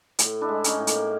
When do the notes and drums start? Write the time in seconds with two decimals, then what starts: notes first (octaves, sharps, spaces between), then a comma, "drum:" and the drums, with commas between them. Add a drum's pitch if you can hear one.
0.19 A2, drum: hi-hat
0.41 D4 E4
0.49 G#3
0.64 C#4 D#4, drum: hi-hat
0.80 A2
0.87 A#3, drum: hi-hat